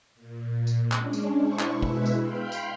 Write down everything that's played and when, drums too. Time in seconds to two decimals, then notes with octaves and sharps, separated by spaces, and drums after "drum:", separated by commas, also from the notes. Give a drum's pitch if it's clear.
0.15 A#2
0.67 drum: tambourine
0.92 G#3 C#4 D4, drum: clap
1.13 drum: tambourine
1.36 D4 E4 C5 C#6
1.59 drum: clap
1.72 B2 G#3 E4 B4 E5
1.82 drum: kick
2.06 drum: tambourine
2.21 F5 G5 B5 C6 F6 G6
2.52 drum: tambourine